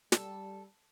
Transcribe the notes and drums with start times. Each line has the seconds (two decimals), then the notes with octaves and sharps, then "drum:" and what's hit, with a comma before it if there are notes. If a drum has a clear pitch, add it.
0.12 G3 A4, drum: snare